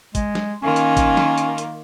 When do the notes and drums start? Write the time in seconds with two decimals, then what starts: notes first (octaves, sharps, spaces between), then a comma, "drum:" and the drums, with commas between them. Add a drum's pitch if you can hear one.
0.15 G#3, drum: kick, hi-hat
0.35 drum: snare
0.63 D#3 A#3 C#4 F4
0.76 drum: hi-hat
0.97 drum: kick, hi-hat
1.17 drum: snare
1.38 drum: hi-hat
1.58 drum: hi-hat